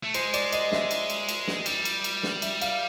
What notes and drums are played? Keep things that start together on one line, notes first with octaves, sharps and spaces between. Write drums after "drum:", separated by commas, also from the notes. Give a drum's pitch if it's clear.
A3
G#3 C5, drum: cymbal
D5, drum: cymbal
D#5, drum: cymbal
E5, drum: snare
drum: cymbal
drum: cymbal
drum: cymbal
drum: snare
G3, drum: cymbal
drum: cymbal
drum: cymbal
drum: snare
E5, drum: cymbal
F5, drum: cymbal